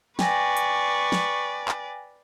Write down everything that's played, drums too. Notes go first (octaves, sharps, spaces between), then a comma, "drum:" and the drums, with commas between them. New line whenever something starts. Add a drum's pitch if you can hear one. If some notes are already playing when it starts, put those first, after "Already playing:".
B4 D5 G5 G#5 C#6 A#6, drum: snare
drum: hi-hat
drum: snare
drum: clap